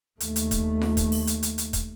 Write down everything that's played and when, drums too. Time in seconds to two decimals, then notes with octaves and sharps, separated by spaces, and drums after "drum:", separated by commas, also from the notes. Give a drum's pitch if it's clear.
0.20 D#2 A3, drum: hi-hat
0.36 drum: hi-hat
0.51 drum: kick, hi-hat
0.82 drum: snare F4
0.97 drum: kick, hi-hat
1.12 drum: open hi-hat
1.27 drum: hi-hat
1.43 drum: hi-hat
1.58 drum: hi-hat
1.73 drum: kick, hi-hat